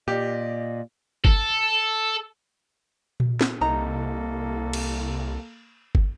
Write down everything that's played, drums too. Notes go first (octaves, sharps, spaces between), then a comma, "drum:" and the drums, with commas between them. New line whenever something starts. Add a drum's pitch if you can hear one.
A#2 G4 D5 D#5
A4, drum: kick
drum: tom A#2
drum: snare
C2 A#3 D#4 A4 A#5
drum: cymbal
drum: kick